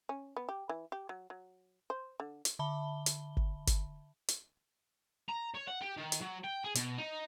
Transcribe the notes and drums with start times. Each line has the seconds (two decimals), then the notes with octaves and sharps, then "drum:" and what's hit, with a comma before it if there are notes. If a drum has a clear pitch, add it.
0.09 C#4
0.37 B3
0.49 G4
0.69 E3
0.92 G4
1.09 F#3
1.30 F#3
1.90 C5
2.20 D3
2.45 drum: hi-hat
2.59 D3 E5 A5 B5 G7
3.06 drum: hi-hat
3.37 drum: kick G1
3.67 drum: kick G1, hi-hat
4.28 drum: hi-hat
5.29 A#5
5.54 C#5
5.67 F#5
5.81 G4
5.97 D#3
6.12 drum: hi-hat
6.21 F#3
6.44 G5
6.64 G#4
6.75 B2, drum: hi-hat
6.98 D#4